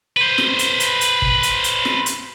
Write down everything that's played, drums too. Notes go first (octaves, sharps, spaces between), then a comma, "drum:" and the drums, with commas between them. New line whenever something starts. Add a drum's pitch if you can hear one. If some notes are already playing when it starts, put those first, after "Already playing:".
B4 C5
drum: snare
drum: hi-hat
drum: hi-hat
drum: hi-hat
drum: kick
drum: hi-hat
drum: hi-hat
drum: snare
drum: hi-hat